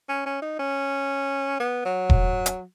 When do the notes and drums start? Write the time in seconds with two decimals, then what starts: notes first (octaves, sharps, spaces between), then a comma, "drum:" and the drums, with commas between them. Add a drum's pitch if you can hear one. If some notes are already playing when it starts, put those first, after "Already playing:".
0.09 C#4
0.26 C#4
0.42 D#4
0.59 C#4
1.60 B3
1.85 F#3
2.10 drum: kick E1
2.46 drum: hi-hat